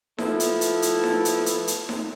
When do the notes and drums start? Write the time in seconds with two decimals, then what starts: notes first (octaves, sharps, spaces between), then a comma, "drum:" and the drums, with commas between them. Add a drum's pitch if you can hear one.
0.18 F3 A3 B3 E4, drum: snare D#4
0.40 drum: hi-hat
0.61 drum: hi-hat
0.82 drum: hi-hat
1.04 drum: snare D#4
1.25 drum: hi-hat
1.46 drum: hi-hat
1.68 drum: hi-hat
1.89 drum: snare D#4